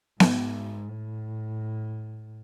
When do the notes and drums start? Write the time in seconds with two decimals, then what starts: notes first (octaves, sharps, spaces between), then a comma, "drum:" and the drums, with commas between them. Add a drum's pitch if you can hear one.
0.20 G#2, drum: snare B3
0.89 A2